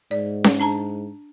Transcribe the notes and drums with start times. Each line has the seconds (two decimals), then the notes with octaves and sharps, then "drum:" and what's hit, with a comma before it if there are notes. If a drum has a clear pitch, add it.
0.11 G#2 D5
0.44 drum: snare C#4
0.60 D4 A5 A#5